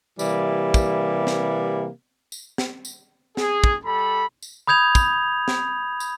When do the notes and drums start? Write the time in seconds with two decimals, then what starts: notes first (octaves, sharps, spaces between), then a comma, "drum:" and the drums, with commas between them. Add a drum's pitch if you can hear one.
0.19 C3 E3 G3 A#3, drum: tambourine
0.74 drum: kick, tambourine
1.27 drum: snare
2.32 drum: tambourine
2.58 drum: snare
2.85 drum: tambourine
3.37 G#4, drum: snare
3.64 drum: kick
3.84 G3 A4 B5
4.42 drum: tambourine
4.67 B5 D#6 G6 G#6 F7
4.95 drum: kick, tambourine
5.48 drum: snare
6.00 drum: tambourine